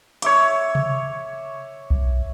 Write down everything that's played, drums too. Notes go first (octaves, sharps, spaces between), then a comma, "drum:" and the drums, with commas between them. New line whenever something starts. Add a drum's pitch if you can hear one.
C#5 E5 D6, drum: hi-hat
drum: tom C3
drum: kick B1